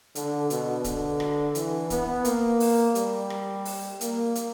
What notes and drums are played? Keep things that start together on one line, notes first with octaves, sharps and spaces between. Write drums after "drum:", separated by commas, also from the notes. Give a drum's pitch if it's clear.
D3, drum: hi-hat
B2, drum: hi-hat
D3, drum: kick C#1, hi-hat
drum: rim click
E3, drum: hi-hat
B3, drum: kick C#1, hi-hat
A#3, drum: hi-hat
drum: open hi-hat
G3, drum: hi-hat
drum: rim click
drum: open hi-hat
A#3, drum: hi-hat
drum: hi-hat